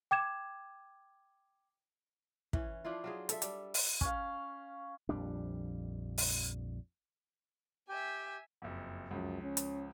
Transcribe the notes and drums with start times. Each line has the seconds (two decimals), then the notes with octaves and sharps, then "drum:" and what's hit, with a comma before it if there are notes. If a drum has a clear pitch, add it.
0.11 G5 D6 G#6 E7
2.53 E3 C#4, drum: kick
2.85 F3 D4 E4 F4
3.04 F#3 F4 G#4
3.29 A4 E5, drum: hi-hat
3.42 G3, drum: hi-hat
3.74 drum: open hi-hat
4.01 C#4 F5, drum: kick
5.09 A#1 F2 G3 D4
6.18 drum: open hi-hat
7.89 G4 E5 G5 G#5
8.62 F#1 F2
9.11 C#2 F#2 F3
9.43 C#4
9.57 drum: hi-hat